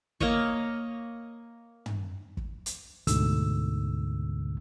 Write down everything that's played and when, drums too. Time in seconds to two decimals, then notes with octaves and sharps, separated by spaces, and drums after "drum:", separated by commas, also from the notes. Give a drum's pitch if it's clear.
0.20 A#3 C#5 D#5 C#6, drum: kick
1.86 drum: tom
2.37 drum: kick
2.66 drum: hi-hat
3.07 D2 G#2 B2 D3 E6, drum: hi-hat